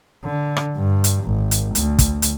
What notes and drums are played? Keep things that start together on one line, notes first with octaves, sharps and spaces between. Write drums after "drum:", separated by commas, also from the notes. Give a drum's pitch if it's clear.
D3
drum: rim click
G2
drum: hi-hat
G#1
drum: hi-hat
D2, drum: hi-hat
drum: kick, hi-hat
drum: hi-hat